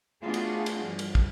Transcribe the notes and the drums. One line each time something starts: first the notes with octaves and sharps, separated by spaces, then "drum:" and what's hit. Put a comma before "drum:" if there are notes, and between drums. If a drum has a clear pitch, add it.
A3 B3 D4 F4 F#4 G#4
drum: cymbal
drum: cymbal
G2 F3
drum: cymbal
drum: kick